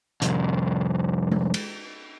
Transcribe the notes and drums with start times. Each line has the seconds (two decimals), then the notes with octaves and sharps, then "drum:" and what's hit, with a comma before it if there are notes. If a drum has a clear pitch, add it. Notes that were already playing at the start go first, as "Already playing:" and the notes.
0.22 C2 F2, drum: hi-hat
1.32 drum: tom G#3
1.54 drum: cymbal